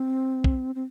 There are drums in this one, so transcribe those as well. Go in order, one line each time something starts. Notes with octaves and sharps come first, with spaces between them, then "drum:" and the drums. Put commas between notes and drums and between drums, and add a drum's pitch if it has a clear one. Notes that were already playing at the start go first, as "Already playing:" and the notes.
Already playing: C4
drum: kick
C4